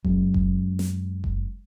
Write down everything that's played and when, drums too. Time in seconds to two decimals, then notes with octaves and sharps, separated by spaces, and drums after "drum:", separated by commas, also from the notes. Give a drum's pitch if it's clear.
0.04 F#2 F#3 G#3 C#4, drum: kick F#1
0.34 drum: kick F#1
0.79 drum: snare
1.24 drum: kick F#1